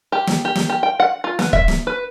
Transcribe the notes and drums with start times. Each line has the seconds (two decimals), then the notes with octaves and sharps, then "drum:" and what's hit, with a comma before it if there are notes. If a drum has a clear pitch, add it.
0.12 G4
0.27 drum: snare
0.45 G4
0.55 drum: snare
0.70 G4
0.83 G5
1.00 F#5
1.24 F4
1.39 B3, drum: snare
1.53 E5, drum: kick C#1
1.68 drum: snare
1.87 B4